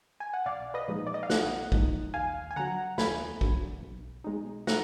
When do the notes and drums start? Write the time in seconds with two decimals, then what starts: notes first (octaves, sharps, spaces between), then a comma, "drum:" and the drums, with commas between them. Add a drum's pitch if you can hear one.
0.20 G#5
0.33 F#5
0.46 B1 D5 F5
0.74 B4 D#5
0.88 A#2 F3 G#3 D#4
1.07 D5
1.14 D#5
1.23 F5
1.30 B1 D#5 F#5, drum: snare
1.72 A#2 F3 G#3 D#4, drum: kick
2.14 D#2 F5 G#5
2.51 G#5
2.56 D3 F#3 F#5 A#5
2.98 D#2 G#5 B5, drum: snare
3.41 D3 F#3, drum: kick
3.83 B1
4.24 B2 G#3 D#4
4.67 F#5 A#5, drum: snare